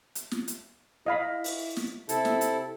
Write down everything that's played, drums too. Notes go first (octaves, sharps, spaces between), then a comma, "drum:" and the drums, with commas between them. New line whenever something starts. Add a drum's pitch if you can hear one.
drum: hi-hat
drum: snare
drum: hi-hat
E4 D#5 F5 B5
drum: open hi-hat
drum: snare
C3 E4 A4, drum: hi-hat
drum: snare
drum: hi-hat